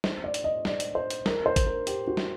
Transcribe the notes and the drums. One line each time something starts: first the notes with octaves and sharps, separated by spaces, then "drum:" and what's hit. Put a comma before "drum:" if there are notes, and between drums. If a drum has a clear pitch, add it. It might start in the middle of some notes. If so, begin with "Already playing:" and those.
C5, drum: snare
D5
drum: hi-hat
D#5
D5, drum: snare
drum: hi-hat
C5
drum: hi-hat
A#4, drum: snare
C5
drum: kick G#1, hi-hat
A#4
G4, drum: hi-hat
F#4
drum: snare